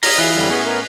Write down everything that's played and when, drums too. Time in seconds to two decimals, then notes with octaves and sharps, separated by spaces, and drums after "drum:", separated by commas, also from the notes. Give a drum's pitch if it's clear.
0.03 D#5 E5 A#5 D#6 F6 A#6 B6, drum: open hi-hat
0.18 E3 E4 F4 G#4 E5 F#6 C7
0.34 F2 D3 G3
0.49 A2 B3 C#4 G#4 C#5
0.65 B3 A#4